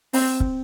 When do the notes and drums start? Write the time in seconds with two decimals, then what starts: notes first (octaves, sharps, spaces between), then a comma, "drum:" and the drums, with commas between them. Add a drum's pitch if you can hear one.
0.13 C4, drum: open hi-hat
0.40 drum: kick